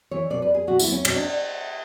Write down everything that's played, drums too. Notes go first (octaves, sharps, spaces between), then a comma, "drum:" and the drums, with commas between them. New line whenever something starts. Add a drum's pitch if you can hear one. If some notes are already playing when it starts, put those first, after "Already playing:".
E3 C#5
B2 D5
B4
G#4
B2 F#4
E4, drum: tambourine
B3
C#4
B2 C#4, drum: cymbal
D4